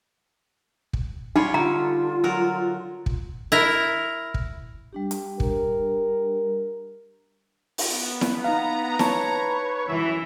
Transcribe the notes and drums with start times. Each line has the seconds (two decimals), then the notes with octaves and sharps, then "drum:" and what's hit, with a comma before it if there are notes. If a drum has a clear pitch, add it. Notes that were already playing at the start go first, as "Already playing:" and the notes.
0.93 drum: kick
1.36 G3 D#4 F4 C#5
1.54 D3 F4 A#5
2.24 F#3 A#4
3.06 drum: kick
3.52 E4 A#4
4.34 drum: kick
4.93 G3 D4 G4
5.11 drum: hi-hat
5.40 A#4, drum: kick
7.78 drum: open hi-hat
7.92 B3
8.21 drum: snare E4
8.44 D#4 F5 A#5
8.99 B4 C#5 A5, drum: snare E4
9.87 F#2 E3 E5